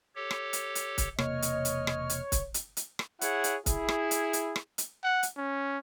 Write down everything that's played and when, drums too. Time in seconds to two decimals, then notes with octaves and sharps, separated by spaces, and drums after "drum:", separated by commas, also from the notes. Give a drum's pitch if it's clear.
0.16 G4 A4 C#5
0.31 drum: rim click
0.53 drum: hi-hat
0.75 drum: hi-hat
0.98 drum: kick, hi-hat
1.18 E1 C3 A#3 C#5 D#5 F6, drum: rim click
1.42 drum: hi-hat
1.65 drum: hi-hat
1.87 drum: rim click
2.10 drum: hi-hat
2.32 drum: kick, hi-hat
2.54 drum: hi-hat
2.77 drum: hi-hat
2.99 drum: rim click
3.21 E4 G#4 C#5 F#5, drum: hi-hat
3.44 drum: hi-hat
3.66 E4 G#4, drum: kick, hi-hat
3.89 drum: rim click
4.11 drum: hi-hat
4.33 drum: hi-hat
4.56 drum: rim click
4.78 drum: hi-hat
5.04 F#5
5.23 drum: hi-hat
5.37 C#4